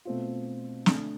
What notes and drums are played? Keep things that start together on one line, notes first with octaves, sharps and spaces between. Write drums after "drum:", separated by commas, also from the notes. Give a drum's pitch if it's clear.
B2 A3 C4 F4
D3 A3 D4, drum: snare